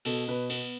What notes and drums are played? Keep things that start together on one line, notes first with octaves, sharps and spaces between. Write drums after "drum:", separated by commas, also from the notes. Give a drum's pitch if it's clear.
B2 A4, drum: cymbal
B2 B4
B3, drum: cymbal